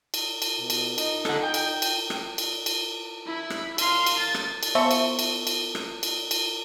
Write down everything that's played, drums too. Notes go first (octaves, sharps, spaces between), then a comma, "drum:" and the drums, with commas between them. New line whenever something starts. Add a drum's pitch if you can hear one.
drum: cymbal
drum: cymbal
B2
drum: cymbal
D#4, drum: cymbal
A4 F#5, drum: rim click
G5
drum: cymbal
drum: cymbal
drum: rim click
drum: cymbal
drum: cymbal
E4
drum: rim click
F5 C6, drum: cymbal
drum: cymbal
A6
drum: rim click
drum: cymbal
B3 C5 E5 F5 A5 C#6
drum: cymbal
drum: cymbal
drum: cymbal
drum: rim click
drum: cymbal
drum: cymbal